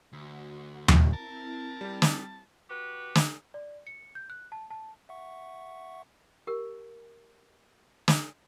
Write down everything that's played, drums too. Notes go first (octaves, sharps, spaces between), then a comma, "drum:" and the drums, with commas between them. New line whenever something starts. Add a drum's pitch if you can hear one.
D2 F#4
drum: tom D#2
C4 E4 A#4 A5
G3 G4
drum: snare
F#4 G4 B4
drum: snare
D5
C#7
G6
F#6
A5
A5
E5 F#5 C#6
G4 A#4
drum: snare